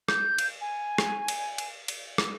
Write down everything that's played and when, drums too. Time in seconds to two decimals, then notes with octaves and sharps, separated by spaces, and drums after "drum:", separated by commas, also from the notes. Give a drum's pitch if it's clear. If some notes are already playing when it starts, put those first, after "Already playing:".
0.08 G6, drum: rim click
0.38 drum: cymbal
0.61 G#5
0.98 drum: rim click
1.28 drum: cymbal
1.58 drum: cymbal
1.88 drum: cymbal
2.18 drum: rim click